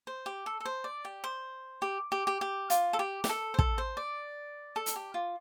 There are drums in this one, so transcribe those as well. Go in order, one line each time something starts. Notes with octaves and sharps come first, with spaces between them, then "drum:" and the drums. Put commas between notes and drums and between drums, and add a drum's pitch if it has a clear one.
C5
G4
A4
A4
C5
D5
G4
C5
G4
G4
G4
G4
F4, drum: hi-hat
A4
G4
G4, drum: snare
A4
C5
A4, drum: kick
C5
D5
A4
drum: hi-hat
G4
F4